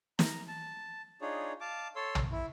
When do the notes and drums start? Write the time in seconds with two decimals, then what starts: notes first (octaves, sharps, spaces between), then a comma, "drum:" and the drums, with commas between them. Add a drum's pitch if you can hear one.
0.19 A#5, drum: snare
0.48 A5
1.21 D4 D#4 F4 G#4 C#5
1.61 F5 A5 D6
1.96 A4 C#5 C6 E6
2.15 drum: tom
2.32 E4